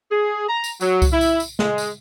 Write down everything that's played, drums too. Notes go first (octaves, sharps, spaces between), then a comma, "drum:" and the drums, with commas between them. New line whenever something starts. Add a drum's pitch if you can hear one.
G#4
A#5
drum: tambourine
F#3, drum: tambourine
drum: kick C2, tambourine
E4
drum: tambourine
drum: tambourine
G#3, drum: snare
drum: tambourine